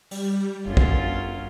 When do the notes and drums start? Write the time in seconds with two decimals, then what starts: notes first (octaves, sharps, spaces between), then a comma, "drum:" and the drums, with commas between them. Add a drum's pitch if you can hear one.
0.11 G3, drum: open hi-hat
0.66 G1 F#2 C#4 F4
0.77 drum: kick